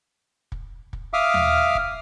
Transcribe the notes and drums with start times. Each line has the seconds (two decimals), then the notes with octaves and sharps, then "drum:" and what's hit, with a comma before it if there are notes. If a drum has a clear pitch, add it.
0.52 drum: kick
0.93 drum: kick
1.13 E5 F5 D6 D#6 F6
1.34 drum: tom D#2
1.75 drum: kick